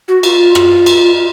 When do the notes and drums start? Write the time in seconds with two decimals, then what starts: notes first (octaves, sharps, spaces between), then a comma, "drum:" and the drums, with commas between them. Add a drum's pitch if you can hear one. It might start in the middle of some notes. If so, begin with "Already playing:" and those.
0.08 F#4
0.23 F4, drum: cymbal
0.55 drum: rim click
0.86 drum: cymbal